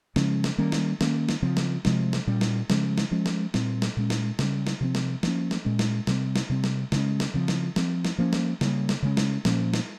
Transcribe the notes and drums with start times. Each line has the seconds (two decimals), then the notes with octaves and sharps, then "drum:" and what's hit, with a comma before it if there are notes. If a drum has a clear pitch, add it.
0.16 C#3 F3 G#3 C#4, drum: snare
0.44 drum: snare
0.58 D#3 G3 A#3 C#4
0.72 drum: snare
1.01 D#3 A#3 C#4, drum: snare
1.29 drum: snare
1.42 C#3 F3 C4
1.57 drum: snare
1.85 C3 F3 G#3 C4, drum: snare
2.13 drum: snare
2.27 A#2 G3 C#4
2.41 drum: snare
2.70 C#3 F3 G#3 C#4, drum: snare
2.98 drum: snare
3.11 F3 G#3 C#4
3.26 drum: snare
3.54 A#2 G3 C4, drum: snare
3.82 drum: snare
3.97 A#2 G#3 C#4
4.10 drum: snare
4.39 C#3 G3 C#4, drum: snare
4.67 drum: snare
4.81 C3 F3 C4
4.95 drum: snare
5.23 F3 A#3 C#4, drum: snare
5.51 drum: snare
5.65 A#2 G#3 C#4
5.79 drum: snare
6.07 C3 G3 C4, drum: snare
6.36 drum: snare
6.50 C3 G3 C4
6.64 drum: snare
6.92 C#3 G#3 C#4, drum: snare
7.20 drum: snare
7.34 C#3 F3 C4
7.48 drum: snare
7.76 F3 C4, drum: snare
8.05 drum: snare
8.18 F3 A#3 C#4
8.33 drum: snare
8.61 C#3 G3 A#3, drum: snare
8.89 drum: snare
9.03 C#3 G#3 C#4
9.17 drum: snare
9.45 A#2 F3 A#3 C#4, drum: snare
9.74 drum: snare